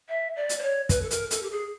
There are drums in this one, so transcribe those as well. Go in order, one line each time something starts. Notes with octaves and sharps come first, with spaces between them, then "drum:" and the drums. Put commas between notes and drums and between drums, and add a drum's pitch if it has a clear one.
E5
D5
drum: hi-hat
C5
C#5
B4, drum: kick, hi-hat
A4
A#4, drum: hi-hat
A4, drum: hi-hat
G4
G#4